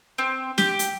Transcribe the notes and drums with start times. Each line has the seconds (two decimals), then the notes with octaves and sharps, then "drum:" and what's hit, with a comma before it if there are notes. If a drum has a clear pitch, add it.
0.18 C4
0.58 G4, drum: snare
0.79 drum: hi-hat